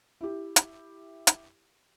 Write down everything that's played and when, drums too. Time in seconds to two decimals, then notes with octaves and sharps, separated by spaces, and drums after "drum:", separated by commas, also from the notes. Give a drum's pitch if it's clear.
0.21 E4 G4
0.56 drum: hi-hat
1.27 drum: hi-hat